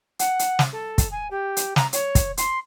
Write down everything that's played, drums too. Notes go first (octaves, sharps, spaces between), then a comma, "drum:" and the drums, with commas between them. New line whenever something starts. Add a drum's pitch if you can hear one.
F#5, drum: hi-hat
drum: hi-hat
drum: snare
A4
drum: kick, hi-hat
G#5
G4
drum: hi-hat
A#5, drum: snare
C#5, drum: hi-hat
drum: kick, hi-hat
C6, drum: hi-hat